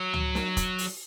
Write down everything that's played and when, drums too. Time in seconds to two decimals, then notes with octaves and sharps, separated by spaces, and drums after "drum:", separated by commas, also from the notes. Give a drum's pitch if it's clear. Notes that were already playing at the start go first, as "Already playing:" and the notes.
Already playing: F#3
0.13 drum: tom C#2
0.35 drum: snare
0.57 drum: kick F1, hi-hat
0.78 drum: open hi-hat